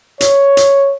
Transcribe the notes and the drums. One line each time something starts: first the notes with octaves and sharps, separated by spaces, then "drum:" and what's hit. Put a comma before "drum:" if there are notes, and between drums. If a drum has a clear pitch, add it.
C#5, drum: hi-hat
drum: hi-hat